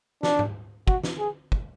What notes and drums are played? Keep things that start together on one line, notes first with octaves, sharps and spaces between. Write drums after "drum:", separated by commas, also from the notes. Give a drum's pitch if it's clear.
D4, drum: snare
drum: tom G#2
F#4, drum: kick
drum: snare
G#4
drum: kick